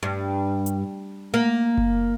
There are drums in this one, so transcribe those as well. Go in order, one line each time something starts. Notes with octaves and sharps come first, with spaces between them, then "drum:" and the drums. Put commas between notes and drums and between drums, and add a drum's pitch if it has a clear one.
G2
drum: hi-hat
A#3
drum: kick F#1